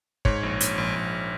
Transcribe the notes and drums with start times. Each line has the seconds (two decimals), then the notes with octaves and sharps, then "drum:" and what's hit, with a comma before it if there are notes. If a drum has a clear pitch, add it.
0.25 G#2 C#5, drum: kick
0.43 A#1
0.60 A#1, drum: hi-hat
0.78 A#1
0.96 A#1